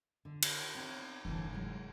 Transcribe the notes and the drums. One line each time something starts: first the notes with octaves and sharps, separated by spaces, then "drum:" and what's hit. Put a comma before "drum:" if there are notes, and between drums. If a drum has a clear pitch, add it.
D3
drum: cymbal
C4 D5
F1 G2 D3 E3 A4
F#3 G#3